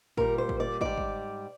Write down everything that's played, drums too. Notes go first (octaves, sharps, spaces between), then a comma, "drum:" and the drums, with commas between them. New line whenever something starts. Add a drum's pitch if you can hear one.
A#2 G3 A#4, drum: kick
C5
drum: kick
D5
G#2 G3 D5, drum: kick
drum: kick